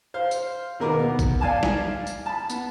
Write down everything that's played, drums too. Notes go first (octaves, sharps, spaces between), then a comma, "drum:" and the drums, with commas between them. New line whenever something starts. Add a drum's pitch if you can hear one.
C5 F5
drum: tambourine
D#2 B2 A#4 B4 D6
B3
drum: kick A1, tambourine
D5 F5 G#5 A5
drum: snare
drum: tambourine
A5 B5
B3, drum: tambourine